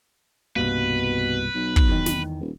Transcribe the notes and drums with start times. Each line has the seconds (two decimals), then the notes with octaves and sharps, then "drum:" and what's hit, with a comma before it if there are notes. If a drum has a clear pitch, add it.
0.56 C2 G2 B2 A#3 B4
1.55 B1
1.76 drum: kick
1.88 E2 D#3
2.06 drum: snare
2.40 D#1